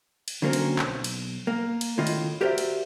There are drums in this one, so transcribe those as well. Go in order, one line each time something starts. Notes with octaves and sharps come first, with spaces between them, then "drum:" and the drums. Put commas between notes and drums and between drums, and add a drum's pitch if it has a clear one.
drum: cymbal
D3 F#3 A#3 C4 C#4 A#4
drum: cymbal
B1, drum: clap
drum: cymbal
A#3
drum: cymbal
C#2 A2 D#3 F4 D#5
drum: cymbal
F#4 G4 A#4 C5 D5 E5
drum: cymbal